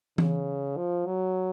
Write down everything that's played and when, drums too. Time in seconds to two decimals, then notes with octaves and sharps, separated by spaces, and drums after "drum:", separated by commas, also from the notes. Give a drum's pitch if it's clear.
0.18 C#3, drum: tom E3
0.77 F3
1.06 F#3